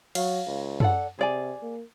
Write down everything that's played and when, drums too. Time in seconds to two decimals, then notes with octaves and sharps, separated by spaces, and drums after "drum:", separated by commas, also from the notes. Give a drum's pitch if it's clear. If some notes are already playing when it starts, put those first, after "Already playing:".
0.15 F#3 F5, drum: cymbal
0.47 C#2
0.80 A4 D5 F#5, drum: tom F#2
1.19 C3 G#4 D5 G#5
1.62 A#3